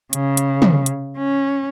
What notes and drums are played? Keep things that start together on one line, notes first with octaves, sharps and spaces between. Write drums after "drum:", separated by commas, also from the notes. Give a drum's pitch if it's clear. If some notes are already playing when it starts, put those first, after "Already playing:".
C#3, drum: hi-hat
drum: hi-hat
drum: tom
drum: hi-hat
C#4